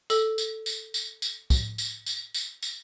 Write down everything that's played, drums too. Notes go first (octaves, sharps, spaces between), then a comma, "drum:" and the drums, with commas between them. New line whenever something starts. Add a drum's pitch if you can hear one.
A4 E6, drum: tambourine
drum: tambourine
drum: tambourine
drum: tambourine
drum: tambourine
drum: kick, tambourine
drum: tambourine
drum: tambourine
drum: tambourine
drum: tambourine